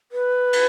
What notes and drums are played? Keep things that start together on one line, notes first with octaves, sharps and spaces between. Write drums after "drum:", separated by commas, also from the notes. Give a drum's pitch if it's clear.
B4
drum: cymbal